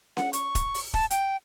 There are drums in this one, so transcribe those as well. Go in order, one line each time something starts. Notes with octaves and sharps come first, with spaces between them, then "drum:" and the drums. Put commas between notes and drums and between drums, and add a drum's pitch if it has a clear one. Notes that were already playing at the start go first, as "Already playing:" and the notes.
F#5, drum: snare C#4
C#6, drum: hi-hat
drum: kick D#1, hi-hat
drum: open hi-hat
A5, drum: kick D#1
G5, drum: hi-hat